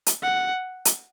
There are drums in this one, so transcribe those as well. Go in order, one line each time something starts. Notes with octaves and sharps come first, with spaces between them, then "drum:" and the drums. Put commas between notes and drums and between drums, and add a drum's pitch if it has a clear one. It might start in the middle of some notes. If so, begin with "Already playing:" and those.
drum: hi-hat
F#5
drum: hi-hat